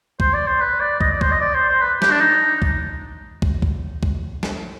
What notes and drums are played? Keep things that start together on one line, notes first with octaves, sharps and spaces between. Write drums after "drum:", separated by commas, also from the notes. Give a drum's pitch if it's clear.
C5, drum: kick
D5
C5
B4
D5
D#5, drum: kick
D5
C5, drum: kick
D#5
D5
C5
C5
B4
G4, drum: snare
D4
D#4
drum: kick
drum: kick
drum: kick
drum: kick
drum: snare